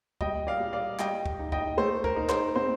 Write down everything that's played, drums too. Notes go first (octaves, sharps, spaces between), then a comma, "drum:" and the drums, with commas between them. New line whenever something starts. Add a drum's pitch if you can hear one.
G3 D#5 G5, drum: kick
D5 F5
G3
D5 F5
G3 D#5 G5, drum: clap
drum: kick
D#4
D#5 G5, drum: kick
A3 C5
A#4, drum: kick
D#4
C5, drum: clap
C4 C5